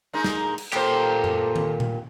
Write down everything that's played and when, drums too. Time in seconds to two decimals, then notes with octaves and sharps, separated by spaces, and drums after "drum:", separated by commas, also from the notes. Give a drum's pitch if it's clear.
0.13 G#3 A#3 D#4
0.24 drum: snare
0.58 drum: cymbal
0.73 A#2 A#3 G4 A4 C5, drum: clap
1.24 drum: tom F#2
1.56 drum: tom D#3
1.80 drum: tom A#2